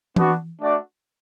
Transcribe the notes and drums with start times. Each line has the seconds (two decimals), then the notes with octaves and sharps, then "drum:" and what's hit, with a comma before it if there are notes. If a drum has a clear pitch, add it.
0.16 B3 D4 F#4, drum: tom E3
0.61 A3 D4 F#4 D5